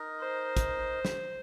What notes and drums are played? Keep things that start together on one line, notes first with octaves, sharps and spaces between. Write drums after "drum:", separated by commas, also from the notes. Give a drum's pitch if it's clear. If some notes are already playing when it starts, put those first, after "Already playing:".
Already playing: D#4 A#4 D#5
C5
drum: kick, hi-hat
drum: snare